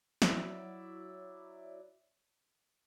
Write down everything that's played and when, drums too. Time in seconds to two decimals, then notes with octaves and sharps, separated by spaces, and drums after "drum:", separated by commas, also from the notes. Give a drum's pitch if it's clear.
0.22 F#3 E4 D5 E5, drum: snare